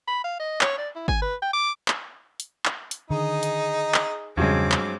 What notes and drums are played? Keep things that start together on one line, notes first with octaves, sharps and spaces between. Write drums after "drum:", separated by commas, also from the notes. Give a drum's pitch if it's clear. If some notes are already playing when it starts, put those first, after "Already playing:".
B5
F5
D#5
C#5, drum: clap
D5
E4
G#5, drum: kick G#1
B4
G5
D6
drum: clap
drum: hi-hat
drum: clap
drum: hi-hat
D3 D#3 D#4 G#4
drum: hi-hat
drum: clap
E2 G2 C#3 F#3 G#3 C4 D6
drum: clap